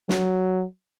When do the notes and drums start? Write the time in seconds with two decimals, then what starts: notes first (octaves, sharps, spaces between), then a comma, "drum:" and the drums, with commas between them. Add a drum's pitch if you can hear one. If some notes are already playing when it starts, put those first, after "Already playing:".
0.09 F#3, drum: snare